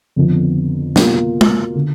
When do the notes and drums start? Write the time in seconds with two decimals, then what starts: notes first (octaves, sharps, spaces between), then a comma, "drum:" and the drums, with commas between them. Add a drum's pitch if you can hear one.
0.16 F2 D3 F3 B3
0.96 B2 A#3 F4, drum: snare
1.41 drum: tom
1.75 D3